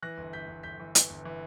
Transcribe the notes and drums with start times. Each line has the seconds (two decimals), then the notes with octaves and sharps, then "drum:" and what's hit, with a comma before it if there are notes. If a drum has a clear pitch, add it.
0.03 E3 F#6 A#6
0.17 G1
0.33 G1 G6 B6
0.48 G1
0.63 G1 G6 B6
0.80 E3
0.95 E3, drum: hi-hat
1.10 G1
1.25 E3